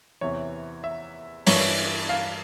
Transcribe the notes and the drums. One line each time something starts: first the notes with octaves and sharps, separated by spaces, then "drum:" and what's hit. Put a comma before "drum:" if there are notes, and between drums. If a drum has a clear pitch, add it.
E2 C3 E3 C#5
E5
G2 E3 C#5, drum: open hi-hat
F5